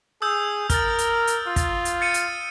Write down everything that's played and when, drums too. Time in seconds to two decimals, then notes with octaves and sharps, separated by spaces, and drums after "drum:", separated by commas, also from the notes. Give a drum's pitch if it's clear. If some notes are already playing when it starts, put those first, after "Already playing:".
0.22 G#4 D#6 E6 G6
0.70 A#4 F6 A6, drum: kick, hi-hat
0.99 drum: hi-hat
1.27 drum: hi-hat
1.47 F4
1.56 drum: kick, hi-hat
1.85 drum: hi-hat
2.01 A6 C#7 D#7
2.14 drum: hi-hat